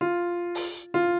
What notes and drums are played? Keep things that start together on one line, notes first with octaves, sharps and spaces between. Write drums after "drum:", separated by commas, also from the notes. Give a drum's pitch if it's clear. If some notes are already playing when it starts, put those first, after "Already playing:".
F4
drum: open hi-hat
F4